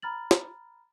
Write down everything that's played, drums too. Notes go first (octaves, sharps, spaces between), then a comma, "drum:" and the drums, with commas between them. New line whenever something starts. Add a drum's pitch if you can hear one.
A#5 B5 F6 A6 F#7
drum: snare